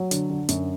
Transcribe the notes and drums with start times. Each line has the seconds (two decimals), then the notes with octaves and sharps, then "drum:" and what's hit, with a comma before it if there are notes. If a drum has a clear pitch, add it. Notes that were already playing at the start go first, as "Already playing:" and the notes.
Already playing: F#3
0.11 D3, drum: hi-hat
0.30 D3
0.49 F#2, drum: hi-hat